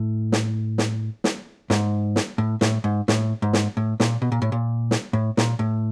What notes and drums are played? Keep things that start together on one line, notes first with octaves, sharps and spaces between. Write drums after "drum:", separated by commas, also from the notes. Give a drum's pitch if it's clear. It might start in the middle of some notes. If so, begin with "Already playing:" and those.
Already playing: A2
drum: snare
drum: snare
drum: snare
G#2, drum: snare
drum: snare
A2
A2, drum: snare
G#2
A2, drum: snare
G#2
drum: snare
A2
A#2, drum: snare
B2
A#2
A2
A#2
drum: snare
A2
A#2, drum: snare
A2